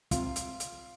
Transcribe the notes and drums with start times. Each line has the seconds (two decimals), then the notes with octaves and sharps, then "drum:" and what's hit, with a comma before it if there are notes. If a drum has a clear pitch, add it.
0.11 C3 F4 F5, drum: kick, hi-hat
0.36 drum: hi-hat
0.60 drum: hi-hat